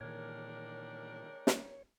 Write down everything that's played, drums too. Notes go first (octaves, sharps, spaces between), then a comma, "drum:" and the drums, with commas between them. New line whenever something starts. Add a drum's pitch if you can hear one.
A#2 D#3 E3 G#3 D4 G4 A#4 C#5
drum: snare